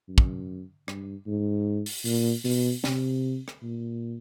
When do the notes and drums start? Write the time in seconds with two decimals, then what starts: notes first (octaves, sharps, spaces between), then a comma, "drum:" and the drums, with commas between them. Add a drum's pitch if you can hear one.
0.09 F#2
0.18 drum: kick
0.88 G2, drum: rim click
1.27 G#2
1.86 drum: open hi-hat
2.05 A#2, drum: open hi-hat
2.45 B2, drum: open hi-hat
2.84 C3, drum: snare
3.48 drum: rim click
3.63 A#2